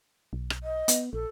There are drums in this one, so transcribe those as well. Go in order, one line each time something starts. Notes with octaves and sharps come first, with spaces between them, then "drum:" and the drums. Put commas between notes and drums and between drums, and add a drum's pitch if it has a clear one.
B1
drum: rim click
D#5
B3, drum: hi-hat
A#1 A4